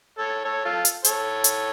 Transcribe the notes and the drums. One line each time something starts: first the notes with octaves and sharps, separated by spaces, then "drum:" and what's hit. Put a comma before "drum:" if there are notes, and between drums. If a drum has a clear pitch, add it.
A4 C#5
A4 C#5
F4 A4
drum: hi-hat
A4 C#5, drum: hi-hat
drum: hi-hat